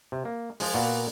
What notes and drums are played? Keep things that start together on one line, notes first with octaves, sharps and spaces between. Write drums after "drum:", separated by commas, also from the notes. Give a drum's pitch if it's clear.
C3
A#3
F3 G#3, drum: open hi-hat
A#2 A#3 B3 F#4 D5 F#5